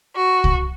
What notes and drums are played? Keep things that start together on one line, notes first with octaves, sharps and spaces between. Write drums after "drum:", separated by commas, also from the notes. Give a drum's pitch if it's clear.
F#4
drum: kick C2